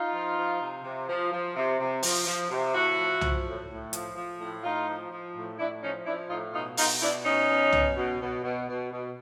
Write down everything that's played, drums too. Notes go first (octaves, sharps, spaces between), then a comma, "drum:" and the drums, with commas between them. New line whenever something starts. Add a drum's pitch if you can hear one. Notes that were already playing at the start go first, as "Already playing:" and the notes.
Already playing: D#4 F4
F3
F3
C3
C3
F3
F3
C3
C3
F3, drum: open hi-hat
F3
C3
A2 E4 F#4
F3
F3, drum: tom C2
A2
A2
F3, drum: hi-hat
F3
A2
A2 D#4 F4
F3
F3
A2
A2 D4 E4
F3 C#4 D#4
F3 D4 E4
A2 D#4 F4
B2 D#4 F4
B2 D#4 F4, drum: open hi-hat
B2 D4 E4
B2 C#4 D#4
B2
B2, drum: tom C2
B2
B2
B2
B2
B2